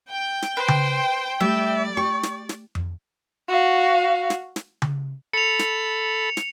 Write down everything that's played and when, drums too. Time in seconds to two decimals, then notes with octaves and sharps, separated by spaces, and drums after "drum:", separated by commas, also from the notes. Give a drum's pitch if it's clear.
0.11 G5
0.42 drum: snare
0.57 B4 C5
0.68 drum: tom C#3
1.41 G3 A3 D5 E5
1.97 G4 C#6
2.23 drum: snare
2.49 drum: snare
2.75 drum: tom F2
3.49 F#4 F5
4.30 drum: snare
4.56 drum: snare
4.82 drum: tom C#3
5.33 A4 B5 C#7 F7
5.59 drum: snare
6.37 drum: snare